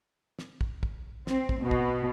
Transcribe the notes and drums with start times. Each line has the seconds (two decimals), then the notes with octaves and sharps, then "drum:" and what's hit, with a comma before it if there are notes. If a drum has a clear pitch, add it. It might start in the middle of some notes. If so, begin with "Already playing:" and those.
0.39 drum: snare
0.61 drum: kick
0.83 drum: kick
1.27 C4, drum: snare
1.49 drum: kick
1.61 B2
1.71 drum: kick